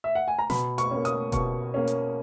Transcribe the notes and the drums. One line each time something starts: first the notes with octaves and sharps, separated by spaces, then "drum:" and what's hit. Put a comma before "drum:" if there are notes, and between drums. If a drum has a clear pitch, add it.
E5
F#5
G#5
A#5
B2 B5, drum: snare
C#6, drum: hi-hat
A#3 C#4
D#6, drum: hi-hat
B2 C#6, drum: kick E1, hi-hat
A#3 C#4
drum: hi-hat